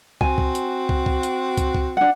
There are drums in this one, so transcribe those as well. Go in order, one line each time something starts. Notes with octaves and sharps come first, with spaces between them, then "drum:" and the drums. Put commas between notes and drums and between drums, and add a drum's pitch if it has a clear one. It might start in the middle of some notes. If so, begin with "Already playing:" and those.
C4 F#4 G#5, drum: kick
drum: kick
drum: hi-hat
drum: kick
drum: kick
drum: hi-hat
drum: kick, hi-hat
drum: kick
D4 F#5